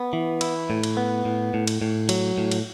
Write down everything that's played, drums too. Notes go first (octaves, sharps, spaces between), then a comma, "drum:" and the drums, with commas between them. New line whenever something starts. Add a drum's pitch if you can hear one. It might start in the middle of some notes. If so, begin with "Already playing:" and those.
Already playing: B3
E3
E4, drum: cymbal
A2
drum: cymbal
B3
A2
A2
drum: cymbal
A2
F#3, drum: cymbal
A2
drum: cymbal